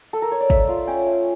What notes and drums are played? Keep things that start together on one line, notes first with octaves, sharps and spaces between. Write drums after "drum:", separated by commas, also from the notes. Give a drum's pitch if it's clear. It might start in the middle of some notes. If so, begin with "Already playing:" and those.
A4
A#4
C#5
D5
A3 E5, drum: kick
F4 F5
C#4 G5
A3 A5